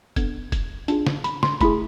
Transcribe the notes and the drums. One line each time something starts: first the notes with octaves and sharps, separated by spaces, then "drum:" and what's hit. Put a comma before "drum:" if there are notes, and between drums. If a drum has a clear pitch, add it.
B3 D4 A4 G#6, drum: kick E1, hi-hat
G#6, drum: kick E1, hi-hat
D4 F4 G#4, drum: hi-hat
drum: snare
B5, drum: hi-hat
C6, drum: snare
A3 E4 G#4 B5, drum: kick E1, hi-hat